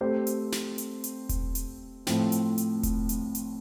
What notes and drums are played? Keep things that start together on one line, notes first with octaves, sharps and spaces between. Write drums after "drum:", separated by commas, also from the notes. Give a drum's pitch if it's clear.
A3 C4 G4 C5
drum: hi-hat
drum: snare
drum: hi-hat
drum: hi-hat
drum: kick E1, hi-hat
drum: hi-hat
A2 F3 C4, drum: snare
drum: hi-hat
drum: hi-hat
drum: kick E1, hi-hat
drum: hi-hat
drum: hi-hat